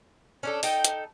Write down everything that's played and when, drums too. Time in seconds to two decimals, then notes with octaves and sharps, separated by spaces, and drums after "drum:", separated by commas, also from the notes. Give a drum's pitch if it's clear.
0.43 C#4 D4 A4
0.63 D#4 A4 G5, drum: open hi-hat
0.85 drum: hi-hat